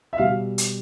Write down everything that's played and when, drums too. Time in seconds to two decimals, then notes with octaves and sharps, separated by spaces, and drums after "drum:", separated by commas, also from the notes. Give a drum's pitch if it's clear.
0.13 E5
0.18 B2 G3 F5
0.58 drum: hi-hat